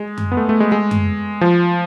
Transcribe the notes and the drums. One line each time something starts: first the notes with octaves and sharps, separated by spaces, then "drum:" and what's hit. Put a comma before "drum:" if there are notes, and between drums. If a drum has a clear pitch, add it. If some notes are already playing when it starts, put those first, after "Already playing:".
Already playing: G#3
drum: tom F#2
B3
A3
A3
G#3
G#3
drum: tom F#2
F3